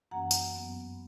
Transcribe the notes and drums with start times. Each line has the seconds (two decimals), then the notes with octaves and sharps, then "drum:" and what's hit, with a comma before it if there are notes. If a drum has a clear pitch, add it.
0.11 F#2 E3 A#3 C#4 F#5 A#5
0.31 drum: tambourine
0.53 G2 F#3 B3